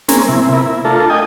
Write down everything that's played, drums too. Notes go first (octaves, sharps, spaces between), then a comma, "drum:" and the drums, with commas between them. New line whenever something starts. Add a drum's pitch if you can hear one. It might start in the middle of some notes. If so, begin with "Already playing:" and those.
A#3 C4 C#4 G#4 A#4, drum: snare
C3 E4
B3 E4 A#4
E4
A3 D4 F4 A4 A#4
D#5 G5 G#5 D#6